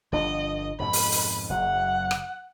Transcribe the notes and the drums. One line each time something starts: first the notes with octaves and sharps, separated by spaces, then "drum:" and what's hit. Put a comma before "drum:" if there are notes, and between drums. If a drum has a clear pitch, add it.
G1 F3 D4 D#5
F2 G#2 B2 B5
drum: open hi-hat
drum: open hi-hat
F#1 F#3 F#5
drum: rim click